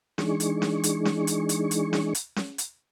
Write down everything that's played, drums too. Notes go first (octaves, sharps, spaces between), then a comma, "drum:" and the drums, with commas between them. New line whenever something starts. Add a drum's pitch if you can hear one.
E3 G#3 D4 D#4 G#4 C#6, drum: snare C#4
drum: hi-hat
drum: snare C#4
drum: hi-hat
drum: snare C#4
drum: hi-hat
drum: hi-hat
drum: hi-hat
drum: snare C#4
drum: hi-hat
drum: snare C#4
drum: hi-hat